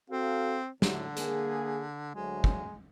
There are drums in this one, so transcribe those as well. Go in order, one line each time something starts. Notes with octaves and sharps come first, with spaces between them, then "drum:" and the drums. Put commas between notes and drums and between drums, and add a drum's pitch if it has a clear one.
C4 F#4 A4 F5
A2 D3 F#3, drum: snare
A#3 G#4, drum: hi-hat
D2 F#3 G#3
drum: kick